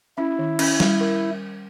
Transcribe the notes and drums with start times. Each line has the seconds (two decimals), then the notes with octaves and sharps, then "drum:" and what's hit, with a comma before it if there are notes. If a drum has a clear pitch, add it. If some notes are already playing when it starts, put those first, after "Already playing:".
0.18 C#4 E4
0.39 D#3
0.59 C#4, drum: cymbal
0.80 G3, drum: snare
1.01 A#4